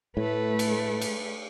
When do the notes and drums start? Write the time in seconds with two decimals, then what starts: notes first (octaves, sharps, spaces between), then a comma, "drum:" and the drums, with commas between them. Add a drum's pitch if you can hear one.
0.17 A2 A3 B4
0.59 drum: cymbal
1.01 drum: cymbal